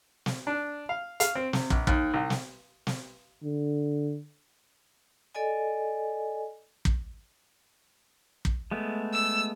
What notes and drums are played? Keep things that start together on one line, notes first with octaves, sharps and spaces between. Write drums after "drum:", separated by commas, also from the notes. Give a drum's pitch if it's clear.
drum: snare
D4
F5
F5, drum: hi-hat
C4
C3, drum: snare
A#1, drum: kick
D#2, drum: kick
C2
drum: snare
drum: snare
D3
A4 D5 D#5 G#5
drum: kick
drum: kick
G#3 A3 B3
E6